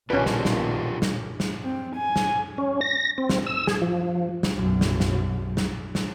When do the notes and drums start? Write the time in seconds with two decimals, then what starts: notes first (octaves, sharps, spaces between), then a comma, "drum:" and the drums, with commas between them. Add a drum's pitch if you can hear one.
0.10 A#1 B2 D#3 C#4 D4 F4 G4 B4
0.26 drum: snare
0.45 drum: snare
1.02 drum: snare
1.40 drum: snare
1.64 C4
1.96 G#5
2.16 drum: snare
2.58 C#4
2.81 A#6
3.18 C4
3.29 drum: snare
3.46 E6
3.67 G#4, drum: snare
3.82 F3
4.43 drum: snare
4.56 B1 F#2
4.81 drum: snare
5.00 drum: snare
5.57 drum: snare
5.95 drum: snare